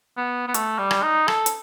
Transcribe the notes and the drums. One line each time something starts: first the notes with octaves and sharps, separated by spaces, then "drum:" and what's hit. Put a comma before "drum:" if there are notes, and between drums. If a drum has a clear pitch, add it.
B3
B3
A3, drum: hi-hat
G3
drum: rim click
D#4
A4, drum: rim click
drum: hi-hat